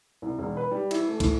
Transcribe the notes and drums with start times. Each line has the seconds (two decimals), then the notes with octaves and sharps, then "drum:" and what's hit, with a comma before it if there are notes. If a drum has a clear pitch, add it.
0.22 C2
0.39 E1
0.57 B4
0.71 G3
0.91 E4, drum: cymbal
1.08 A3
1.20 A2, drum: kick, cymbal